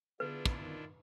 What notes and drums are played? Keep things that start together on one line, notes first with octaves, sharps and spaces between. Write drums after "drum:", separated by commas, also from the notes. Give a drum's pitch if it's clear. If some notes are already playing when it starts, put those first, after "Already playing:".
D3 B3 D4 E4 F4 G#4 B4
drum: kick
D#3